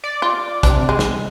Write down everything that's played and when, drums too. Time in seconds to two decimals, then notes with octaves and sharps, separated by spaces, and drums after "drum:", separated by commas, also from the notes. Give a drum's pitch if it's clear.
0.04 D5
0.22 F4
0.63 C3 D4, drum: kick, hi-hat
0.89 G#3
0.99 drum: snare